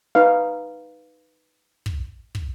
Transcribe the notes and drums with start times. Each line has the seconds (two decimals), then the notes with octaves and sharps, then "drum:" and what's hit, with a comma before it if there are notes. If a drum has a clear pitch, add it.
0.15 D#4 B4 F5
1.86 drum: kick
2.35 drum: kick